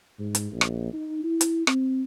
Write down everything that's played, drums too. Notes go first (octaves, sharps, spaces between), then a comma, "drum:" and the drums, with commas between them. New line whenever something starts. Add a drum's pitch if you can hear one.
G#2
drum: hi-hat
A#1
drum: rim click
D#4
E4
drum: hi-hat
C4, drum: rim click